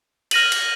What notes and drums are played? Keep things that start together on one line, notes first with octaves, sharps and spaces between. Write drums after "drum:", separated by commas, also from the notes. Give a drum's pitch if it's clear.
F6 A#6 D#7 F#7, drum: cymbal
drum: cymbal